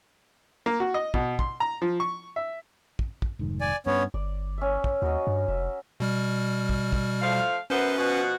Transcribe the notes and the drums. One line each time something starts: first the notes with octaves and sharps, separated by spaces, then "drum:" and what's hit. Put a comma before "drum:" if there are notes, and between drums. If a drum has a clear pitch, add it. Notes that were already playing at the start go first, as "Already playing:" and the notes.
A#3
F#4
D#5
B2, drum: kick
C6, drum: kick
A#5
F3
C#6
E5
drum: kick
drum: kick
F1 G#2 D#3
D5 G#5
G2 B3 C#4 C#5
G1 D5
C#4 E5
drum: kick
D#2 F#4 A#4 D#5
G2
F1 E5
B2 G3 F6
drum: kick
drum: kick
F3 A3 F5
F#2 B3 C#4 B4 C5
B2 F3 F#4